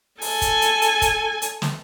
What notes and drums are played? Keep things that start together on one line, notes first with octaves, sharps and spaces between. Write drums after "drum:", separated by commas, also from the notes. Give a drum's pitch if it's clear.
A4 G#5, drum: open hi-hat
drum: kick, hi-hat
drum: hi-hat
drum: hi-hat
drum: kick, hi-hat
drum: hi-hat
drum: snare